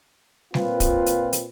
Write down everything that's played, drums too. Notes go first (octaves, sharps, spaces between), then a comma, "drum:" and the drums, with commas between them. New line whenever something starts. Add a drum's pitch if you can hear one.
A#2 C4 F4 B4, drum: snare G3
drum: kick, hi-hat
drum: hi-hat
drum: hi-hat